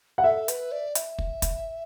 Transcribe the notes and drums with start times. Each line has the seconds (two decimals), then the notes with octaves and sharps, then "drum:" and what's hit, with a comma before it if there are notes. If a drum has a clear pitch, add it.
0.18 F#5
0.23 A4 E5
0.48 B4, drum: hi-hat
0.72 D5
0.95 E5, drum: hi-hat
1.19 drum: kick
1.42 drum: kick, hi-hat